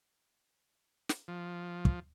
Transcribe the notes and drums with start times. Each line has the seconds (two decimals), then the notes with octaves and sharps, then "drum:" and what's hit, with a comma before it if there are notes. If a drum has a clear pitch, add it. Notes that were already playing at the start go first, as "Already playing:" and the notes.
1.09 drum: snare
1.28 F3
1.85 drum: kick